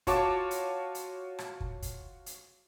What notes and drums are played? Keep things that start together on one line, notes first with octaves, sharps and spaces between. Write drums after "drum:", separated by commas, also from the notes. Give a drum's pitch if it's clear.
F4 F#4 C#5 A5 D6, drum: kick, hi-hat
drum: hi-hat
drum: hi-hat
drum: rim click
drum: kick
drum: kick, hi-hat
drum: hi-hat